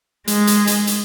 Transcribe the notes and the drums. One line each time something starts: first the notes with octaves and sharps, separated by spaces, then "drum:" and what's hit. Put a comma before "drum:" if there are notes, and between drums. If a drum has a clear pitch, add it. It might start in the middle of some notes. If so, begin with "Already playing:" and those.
G#3, drum: hi-hat
drum: hi-hat
drum: hi-hat
drum: hi-hat